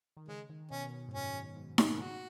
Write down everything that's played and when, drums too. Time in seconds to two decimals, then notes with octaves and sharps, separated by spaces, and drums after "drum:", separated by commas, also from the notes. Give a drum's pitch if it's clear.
0.17 D#3
0.28 C#3 G#3
0.49 D#3
0.71 B2 C#4
1.08 G#2
1.13 F#2 C#4
1.35 G#2
1.56 G#2
1.78 drum: snare D#4
1.99 C#3 F#4